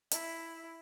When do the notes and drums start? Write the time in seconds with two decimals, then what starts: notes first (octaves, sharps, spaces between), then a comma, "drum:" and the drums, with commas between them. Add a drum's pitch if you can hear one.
0.11 E4, drum: hi-hat